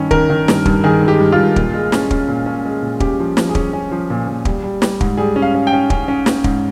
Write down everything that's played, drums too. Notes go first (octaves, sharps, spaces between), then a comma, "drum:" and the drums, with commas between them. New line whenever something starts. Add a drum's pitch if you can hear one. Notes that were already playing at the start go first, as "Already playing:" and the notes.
Already playing: G2 D#3 C#4
D#3 A#4, drum: kick
D#3
G2, drum: snare
G2, drum: kick
D#3 G#4
G#3
G4
G2
F4
G2
A#2, drum: kick
G#3
C#4, drum: snare
C#4, drum: kick
A#2
C#4
G#3
A#2
C#4 G4, drum: kick
F3
F3, drum: snare
G#4
C#4, drum: kick
C#4
F3
A#2
A#2
G3, drum: kick
G3
G3, drum: snare
G#2, drum: kick
G3 G#4
C#4
F5
C#4
G5
C#4
C#4, drum: kick
C#4
C#4, drum: snare
G#2, drum: kick